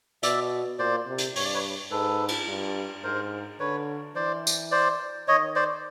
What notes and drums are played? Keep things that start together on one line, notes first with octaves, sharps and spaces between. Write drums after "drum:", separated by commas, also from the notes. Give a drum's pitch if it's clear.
B2 D5 E5, drum: hi-hat
A#2 C5 D5
C3
drum: hi-hat
G2 C#5, drum: open hi-hat
D5
B4 C#5
G#2 A4 B4
drum: cymbal
G2
G#2 A#4 C5
D3 B4 C#5
E3 C5 D5
drum: tambourine
C5 D5
D#3 C#5 D#5
C5 D5